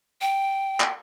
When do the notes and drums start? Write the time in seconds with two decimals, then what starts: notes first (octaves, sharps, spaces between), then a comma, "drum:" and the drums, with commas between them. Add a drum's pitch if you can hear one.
0.21 G5
0.80 drum: clap